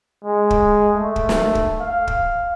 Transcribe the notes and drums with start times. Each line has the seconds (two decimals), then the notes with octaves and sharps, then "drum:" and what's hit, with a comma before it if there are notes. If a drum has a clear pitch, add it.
0.24 G#3
0.50 drum: kick
0.95 A3
1.16 drum: kick
1.29 drum: snare
1.55 drum: kick
1.80 F5
2.07 drum: kick